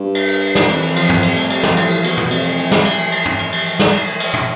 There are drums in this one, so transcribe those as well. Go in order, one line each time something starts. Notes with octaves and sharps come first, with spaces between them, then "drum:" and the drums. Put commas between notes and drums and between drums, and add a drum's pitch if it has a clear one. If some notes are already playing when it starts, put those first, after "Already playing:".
Already playing: G2
drum: cymbal
drum: cymbal
drum: cymbal
drum: snare
F2 E3, drum: cymbal
drum: cymbal
F3, drum: cymbal
drum: tom
G3, drum: cymbal
A3, drum: cymbal
G3, drum: cymbal
F3, drum: snare
A2 E3, drum: cymbal
drum: cymbal
B2, drum: cymbal
drum: tom
F2, drum: cymbal
drum: cymbal
drum: cymbal
drum: snare
drum: cymbal
drum: cymbal
drum: cymbal
drum: tom
drum: cymbal
drum: cymbal
drum: cymbal
drum: snare
drum: cymbal
drum: cymbal
drum: cymbal
drum: tom